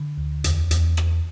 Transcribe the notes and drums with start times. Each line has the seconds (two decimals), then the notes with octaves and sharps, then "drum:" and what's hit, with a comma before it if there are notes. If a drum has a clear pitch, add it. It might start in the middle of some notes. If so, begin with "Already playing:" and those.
Already playing: D3
0.18 D2
0.44 E2, drum: hi-hat
0.71 E2, drum: hi-hat
0.97 E2, drum: rim click